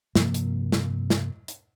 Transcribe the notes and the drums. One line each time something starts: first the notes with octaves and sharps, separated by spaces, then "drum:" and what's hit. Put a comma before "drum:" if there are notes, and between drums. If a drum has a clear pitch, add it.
G2 C3 F3 A#3, drum: snare
drum: hi-hat
drum: snare
drum: snare
drum: hi-hat